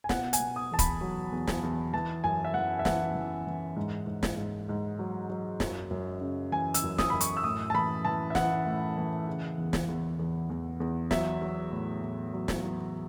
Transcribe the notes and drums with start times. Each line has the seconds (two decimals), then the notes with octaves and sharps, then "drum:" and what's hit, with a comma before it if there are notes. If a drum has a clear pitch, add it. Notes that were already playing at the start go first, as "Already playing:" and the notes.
0.04 G#5
0.09 B2 F#5, drum: snare
0.33 G#5, drum: hi-hat
0.40 B2
0.56 D#6
0.72 E2 A5
0.79 B5, drum: kick, hi-hat
1.01 F#3
1.32 E2
1.47 drum: snare
1.63 E2
1.94 E3 A5
2.24 F#2 G#5
2.44 E5
2.54 E3 F#5
2.79 E5
2.85 E3 F#5, drum: snare
3.15 E3
3.47 E3
3.76 G#2
4.07 G#2
4.23 drum: snare
4.38 G#2
4.69 G#2
4.99 F#3
5.30 F#3
5.60 F#2, drum: snare
5.91 F#2
6.21 C#3
6.52 E3 G#5
6.74 E6, drum: hi-hat
6.83 F#2
6.98 D#6, drum: snare
7.10 F#2 B5
7.20 C#6, drum: hi-hat
7.37 E6
7.43 A2 D#6
7.70 A5
7.74 E3 B5
8.05 E3 A5
8.30 E5
8.35 E3 F#5, drum: snare
8.66 A2
8.97 E3
9.28 C#3
9.58 E2
9.73 drum: snare
9.88 E2
10.19 E2
10.50 E2
10.80 E2
11.11 F#3 E5, drum: snare
11.42 F#3
11.72 A2
12.02 A2
12.33 F#3
12.48 drum: snare
12.64 F#3